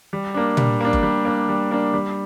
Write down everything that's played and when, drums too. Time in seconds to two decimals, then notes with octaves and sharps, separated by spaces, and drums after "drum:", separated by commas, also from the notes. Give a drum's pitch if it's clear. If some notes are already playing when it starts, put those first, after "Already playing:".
0.13 G3
0.34 A#3 D4
0.57 G3, drum: tom A#2
0.80 A#3 D4
0.93 drum: kick F#1
1.03 G3
1.25 A#3 D4
1.49 G3
1.71 A#3 D4
1.93 G3